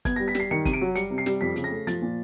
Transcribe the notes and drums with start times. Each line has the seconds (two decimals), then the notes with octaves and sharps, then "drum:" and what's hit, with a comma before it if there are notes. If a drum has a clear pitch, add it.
0.05 B3 G#6, drum: kick F#1, hi-hat
0.16 G3 A#6
0.28 B6
0.35 G3 C7, drum: snare
0.51 D#3 C#7
0.65 C3 D#7, drum: kick F#1, hi-hat
0.73 D7
0.81 F#3
0.95 G3 C#7, drum: hi-hat
1.10 C3
1.18 C7
1.26 G3, drum: snare
1.41 F2 B6
1.56 C#3, drum: hi-hat
1.64 A#6
1.71 A3
1.87 F3 A6, drum: hi-hat
2.02 A#2